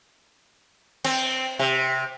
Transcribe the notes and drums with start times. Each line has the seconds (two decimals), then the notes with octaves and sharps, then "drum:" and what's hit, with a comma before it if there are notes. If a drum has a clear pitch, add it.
1.05 C4, drum: cymbal
1.59 C3